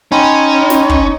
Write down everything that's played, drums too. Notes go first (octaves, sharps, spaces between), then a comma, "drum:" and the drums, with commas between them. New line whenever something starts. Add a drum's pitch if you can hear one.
C#4 D#4 G5 B5 C6
drum: snare
drum: kick